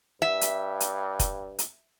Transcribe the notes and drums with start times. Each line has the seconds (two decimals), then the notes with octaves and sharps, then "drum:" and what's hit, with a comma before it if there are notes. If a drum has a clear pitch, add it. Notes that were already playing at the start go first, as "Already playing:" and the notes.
0.22 G2 E5
0.41 drum: hi-hat
0.80 drum: hi-hat
1.19 drum: kick F1, hi-hat
1.59 drum: hi-hat